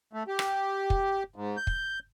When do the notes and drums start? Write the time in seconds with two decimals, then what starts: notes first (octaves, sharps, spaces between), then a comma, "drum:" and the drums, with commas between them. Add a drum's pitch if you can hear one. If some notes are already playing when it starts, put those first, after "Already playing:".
0.13 A3
0.28 G4
0.39 drum: rim click
0.90 drum: kick
1.36 G#2
1.57 G6
1.67 drum: kick